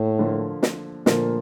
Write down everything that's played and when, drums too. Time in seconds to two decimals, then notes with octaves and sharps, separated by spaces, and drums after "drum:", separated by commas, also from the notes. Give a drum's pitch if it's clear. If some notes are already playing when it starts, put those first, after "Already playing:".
Already playing: A2 A#3
0.19 D3 F3 A#3
0.63 drum: snare
1.06 A#2 D3 F3 A#3, drum: snare